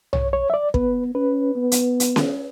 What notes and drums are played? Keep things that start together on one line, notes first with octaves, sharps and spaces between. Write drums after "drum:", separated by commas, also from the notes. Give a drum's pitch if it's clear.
C#5, drum: tom
C#5
E5
D5
B3 B4, drum: kick
C#4 B4
B3
drum: hi-hat
drum: hi-hat
drum: snare C#4